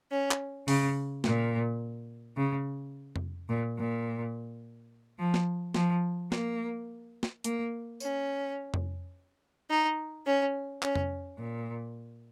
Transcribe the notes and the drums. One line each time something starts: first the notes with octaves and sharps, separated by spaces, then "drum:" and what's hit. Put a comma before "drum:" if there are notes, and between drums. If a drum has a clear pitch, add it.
C#4
drum: clap
C#3, drum: open hi-hat
A#2, drum: snare
C#3
drum: tom F2
A#2
A#2
F3
drum: snare
F3, drum: snare
A#3, drum: snare
drum: snare
A#3, drum: hi-hat
C#4, drum: tambourine
drum: tom F2
D#4
C#4
C#4, drum: clap
drum: tom F2
A#2